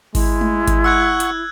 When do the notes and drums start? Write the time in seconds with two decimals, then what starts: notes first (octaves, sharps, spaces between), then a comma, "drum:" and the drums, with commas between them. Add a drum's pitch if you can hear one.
0.15 G#3 E4, drum: kick G#1, open hi-hat
0.41 drum: tom G#3
0.67 drum: kick G#1, hi-hat
0.84 F#5 C#6 E6 F#6 G#6
1.20 drum: hi-hat